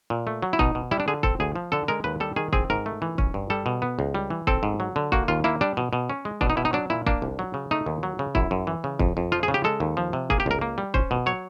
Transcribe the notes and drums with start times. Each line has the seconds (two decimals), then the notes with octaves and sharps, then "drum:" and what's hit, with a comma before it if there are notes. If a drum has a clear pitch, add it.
0.10 A#2
0.27 A3
0.42 F#3
0.53 E4
0.59 B2 D#4, drum: kick
0.75 B2
0.91 G3 E4
1.00 D4
1.08 D3 G#4
1.23 C4 A4, drum: kick
1.40 D2 G#4
1.56 F3
1.72 D3 A4
1.88 G#3 A#4
2.04 D#2 B4
2.20 G3 A4
2.36 D#3 G#4
2.53 C4 G#4, drum: kick
2.70 G#2 A#4
2.86 A3
3.02 E3
3.18 C#4, drum: kick
3.34 G2
3.50 G3 A4
3.66 B2
3.82 B3
3.99 C#2
4.15 G3
4.30 E3
4.47 C4 A4, drum: kick
4.63 G#2
4.80 F#3
4.96 D3
5.12 A#3 F#4, drum: kick
5.28 D#2 F4
5.44 A#3 E4
5.61 G3 D4
5.77 B2
5.93 B2
6.10 C#4
6.25 G#3
6.41 B2 D4, drum: kick
6.50 D#4
6.57 B2 E4
6.65 D#4
6.73 F#3 D4
6.90 A#2 E4
7.07 A#3 D4, drum: kick
7.22 C2
7.39 F#3
7.54 C#3
7.71 A3 D#4
7.86 D#2
8.03 F#3
8.19 C#3
8.35 F#2 E4, drum: kick
8.51 F#2
8.67 E3
8.84 C#3
8.99 F2, drum: kick
9.17 F2
9.32 F3 F4
9.43 G#4
9.48 C#3
9.54 G4
9.64 G#3 A4
9.80 D#2
9.97 F3
10.13 C3
10.30 A#3 G#4, drum: kick
10.40 G4
10.46 C#2 A#4
10.61 A#3
10.78 G3
10.94 C#4 C5, drum: kick
11.11 B2
11.26 F#3 C#5